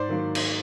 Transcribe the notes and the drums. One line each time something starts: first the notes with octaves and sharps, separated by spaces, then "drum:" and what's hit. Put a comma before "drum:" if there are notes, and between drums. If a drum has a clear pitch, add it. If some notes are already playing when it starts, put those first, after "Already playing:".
Already playing: G#2 C5 D5
D#3 F#3 A#3
drum: cymbal